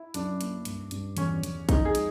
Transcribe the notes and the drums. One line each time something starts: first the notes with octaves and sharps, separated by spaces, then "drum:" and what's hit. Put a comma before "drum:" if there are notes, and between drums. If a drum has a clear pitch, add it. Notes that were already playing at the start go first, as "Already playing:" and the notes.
Already playing: E4
F#2 D4, drum: hi-hat
A#3, drum: hi-hat
G2, drum: hi-hat
G2, drum: hi-hat
E2 C#4, drum: hi-hat
E2, drum: hi-hat
F2 D#4, drum: kick, hi-hat
G#4
G#3, drum: hi-hat